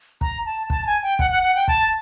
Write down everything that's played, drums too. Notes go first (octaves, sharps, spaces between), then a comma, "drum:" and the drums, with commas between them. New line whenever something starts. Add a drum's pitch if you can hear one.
A#5, drum: kick
A5
A5, drum: kick
A5
G#5
G5
F#5, drum: kick
F#5
F#5
G5
A5, drum: kick